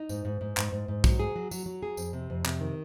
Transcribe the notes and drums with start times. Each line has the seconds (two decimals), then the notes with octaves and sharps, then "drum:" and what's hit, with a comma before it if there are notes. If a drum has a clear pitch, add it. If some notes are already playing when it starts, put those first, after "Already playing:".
Already playing: D#4
0.09 G#2, drum: tambourine
0.25 G#2
0.41 G#2
0.57 G#2, drum: clap
0.72 G#2
0.88 G#2
1.04 F#3, drum: kick, tambourine
1.19 G#4
1.36 F#3
1.51 F#3, drum: tambourine
1.66 F#3
1.83 G#4
1.97 F2, drum: tambourine
2.13 C3
2.30 F2
2.46 C3, drum: clap
2.60 D#3